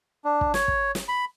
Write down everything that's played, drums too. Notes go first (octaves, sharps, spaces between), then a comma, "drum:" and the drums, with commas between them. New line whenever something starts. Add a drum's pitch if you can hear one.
D4
drum: kick
C#5, drum: snare
drum: kick
drum: snare
B5